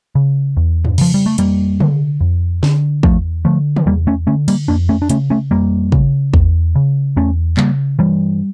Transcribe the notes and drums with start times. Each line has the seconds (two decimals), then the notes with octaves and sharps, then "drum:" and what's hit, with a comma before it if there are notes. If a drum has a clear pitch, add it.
0.15 C#3
0.57 E2
0.85 drum: tom
0.98 C#3 F3, drum: cymbal
1.14 G3
1.26 A3
1.38 F2 G3 A#3, drum: hi-hat
1.80 D3, drum: tom
2.21 F2
2.63 D3, drum: snare
3.03 E2 F3 A3, drum: kick
3.45 D3 F3 A3
3.76 drum: tom
3.86 E2 G3 A#3
4.07 A3 C#4
4.27 D3 A3 C#4
4.48 G3 A#3, drum: cymbal
4.68 F2 A#3 D4
4.89 A3 C#4
5.02 D4
5.09 C#3 A3 C#4, drum: hi-hat
5.30 A3 C#4
5.51 F2 G3 A#3
5.92 C#3, drum: kick
6.34 E2, drum: kick
6.75 C#3
7.16 E2 A3 C#4
7.57 C#3 G3 A#3, drum: clap
7.99 G2 E3 G3